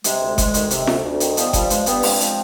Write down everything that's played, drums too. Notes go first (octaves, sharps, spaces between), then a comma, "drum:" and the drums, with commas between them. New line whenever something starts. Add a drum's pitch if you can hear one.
C3 G#3, drum: hi-hat
D2
D2 G#3, drum: kick F#1, hi-hat
D#3, drum: hi-hat
C3, drum: hi-hat
D2, drum: snare
D2
D#3, drum: hi-hat
F3 G3 B3, drum: hi-hat
F3 G3, drum: kick F#1, hi-hat
G2 G#3, drum: hi-hat
G2 G3 B3, drum: hi-hat
F3 G#3 C4, drum: open hi-hat
F3, drum: hi-hat